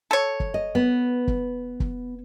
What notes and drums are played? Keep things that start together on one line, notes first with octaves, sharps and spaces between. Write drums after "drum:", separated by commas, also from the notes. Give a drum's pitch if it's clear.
A4 C#5
drum: kick
D#5
B3
drum: kick
drum: kick